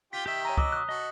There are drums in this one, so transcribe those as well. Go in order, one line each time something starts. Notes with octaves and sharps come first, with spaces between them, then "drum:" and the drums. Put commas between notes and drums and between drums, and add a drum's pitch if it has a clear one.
F4 G4 G5 B6 G7
D#3 G4 E5 G5
C#5 G#5 A#5
F#4 D#5 D6 E6, drum: kick C#2
D#6 F#6
F#4 A4 D#5